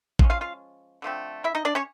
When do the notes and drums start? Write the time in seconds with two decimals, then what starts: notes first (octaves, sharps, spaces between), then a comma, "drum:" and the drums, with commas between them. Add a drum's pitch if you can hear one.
0.19 F3 G#3 C#4, drum: kick A1
0.30 F4 F5
0.41 F4 F5
1.02 D3 F3 A3 C4
1.44 E4 E5
1.55 D#4 D#5
1.65 D4 D5
1.75 C#4 C#5